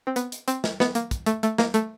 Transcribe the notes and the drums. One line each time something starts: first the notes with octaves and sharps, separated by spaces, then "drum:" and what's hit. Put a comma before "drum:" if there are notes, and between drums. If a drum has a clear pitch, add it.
C4
B3, drum: hi-hat
drum: hi-hat
C4, drum: hi-hat
drum: snare
B3, drum: snare
A#3, drum: hi-hat
drum: kick, hi-hat
A3, drum: hi-hat
A3, drum: hi-hat
A#3, drum: snare
A3, drum: hi-hat